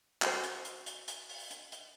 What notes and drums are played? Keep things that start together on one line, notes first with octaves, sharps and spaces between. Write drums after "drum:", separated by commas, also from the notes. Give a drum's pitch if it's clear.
F#4 C5, drum: clap
drum: hi-hat
drum: hi-hat
drum: hi-hat
drum: hi-hat
drum: open hi-hat
drum: hi-hat
drum: hi-hat